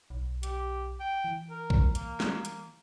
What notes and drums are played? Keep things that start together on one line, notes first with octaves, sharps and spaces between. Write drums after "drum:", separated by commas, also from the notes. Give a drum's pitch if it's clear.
B1
G4, drum: hi-hat
G5
E3
A#4
drum: kick B1
A#3, drum: hi-hat
drum: snare
drum: hi-hat